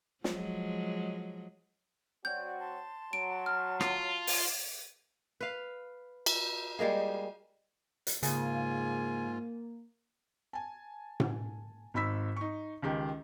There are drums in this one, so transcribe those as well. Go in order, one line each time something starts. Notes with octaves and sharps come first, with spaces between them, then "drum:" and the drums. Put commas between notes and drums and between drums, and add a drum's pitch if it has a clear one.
F3 F#3 G#3, drum: snare
F#3 C4 F#4 D5 G6
A5 C6
F#3 D7
F6
F4, drum: rim click
drum: open hi-hat
B4 F5
drum: cymbal
G3 G#3 A#3 G#4
drum: hi-hat
G#2 C#3 A#3 F4 G#5, drum: hi-hat
G#5 A5
drum: tom A2
G#1 D#4 B5 E6 B6
D#4 C#6
C#2 D#3 G4